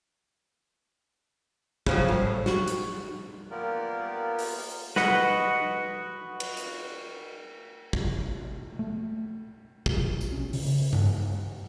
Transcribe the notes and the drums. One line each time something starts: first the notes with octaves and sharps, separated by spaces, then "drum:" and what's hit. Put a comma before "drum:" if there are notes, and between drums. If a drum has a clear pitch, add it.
C#3 F3 F#3, drum: kick
A2
F#4, drum: snare
drum: hi-hat
A#3 B3 F4 G4 A#4 D5
drum: open hi-hat
F#4 B4 D#5 F#5, drum: snare
drum: cymbal
drum: hi-hat
drum: kick
A3
B1, drum: kick
drum: tambourine
C#4
C#3, drum: open hi-hat
drum: tom G2